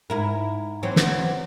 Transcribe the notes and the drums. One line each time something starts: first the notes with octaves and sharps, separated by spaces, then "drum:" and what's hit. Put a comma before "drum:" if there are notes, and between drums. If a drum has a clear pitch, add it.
G#2 E4 A#4
E3 F#3 C4
drum: snare